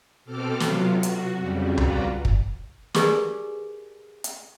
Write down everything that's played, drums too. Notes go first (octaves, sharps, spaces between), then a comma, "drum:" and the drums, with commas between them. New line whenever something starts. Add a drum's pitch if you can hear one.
B2 C4 A4 D6 F6
C3 F#3 B3 F4, drum: snare
F#4
drum: hi-hat
F2 C#3 G3
F4 F#4 B4 D5 A#5, drum: tom C#2
drum: kick
G4 G#4 A#4 B4 D5 G#5, drum: snare
drum: hi-hat